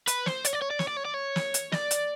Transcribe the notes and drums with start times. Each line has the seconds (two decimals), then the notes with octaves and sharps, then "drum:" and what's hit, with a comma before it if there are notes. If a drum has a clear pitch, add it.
0.07 B4, drum: hi-hat
0.26 C5, drum: snare
0.45 C#5, drum: hi-hat
0.53 D5
0.61 C#5
0.70 D5
0.79 C#5, drum: snare
0.88 D5
0.97 C#5
1.05 D5
1.14 C#5
1.36 drum: snare
1.54 drum: hi-hat
1.72 D5, drum: snare
1.91 drum: hi-hat